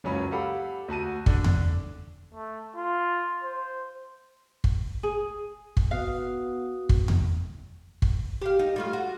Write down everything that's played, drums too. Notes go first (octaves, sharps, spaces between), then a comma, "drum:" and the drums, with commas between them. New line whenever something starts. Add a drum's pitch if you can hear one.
F#1 C#2 F#3 C#4 B5
G4 A4 F5 F#5 B5
D2 F#4 A5 D#7
D3 D4, drum: kick
drum: tom E2
A3
F4
C5
drum: kick
G#4
drum: kick
B3 F#4 F5 D#6
drum: kick
drum: tom E2
drum: kick
G4 F5
D#4
G3 A3 F4
F#4